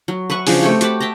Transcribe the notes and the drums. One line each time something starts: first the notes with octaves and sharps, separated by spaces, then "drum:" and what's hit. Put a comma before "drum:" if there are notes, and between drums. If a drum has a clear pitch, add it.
F#3
B4 E5 F#5 C#6
C#3 F3 D4 G#4, drum: open hi-hat
A3 C4 G4 C#5
F#4 G4 A5 B5, drum: hi-hat
E5 G5 A5 A#5